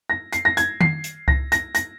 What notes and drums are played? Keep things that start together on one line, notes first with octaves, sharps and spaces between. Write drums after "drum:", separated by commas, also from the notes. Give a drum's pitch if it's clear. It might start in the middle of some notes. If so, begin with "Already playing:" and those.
A#6
C7, drum: hi-hat
A#6
G#6, drum: hi-hat
C7, drum: tom D#3
drum: hi-hat
A#6, drum: kick C#2
A#6, drum: hi-hat
A#6, drum: hi-hat